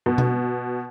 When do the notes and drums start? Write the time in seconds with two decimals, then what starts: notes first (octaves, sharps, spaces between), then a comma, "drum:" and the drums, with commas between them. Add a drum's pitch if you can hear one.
0.06 B2
0.18 drum: tom B2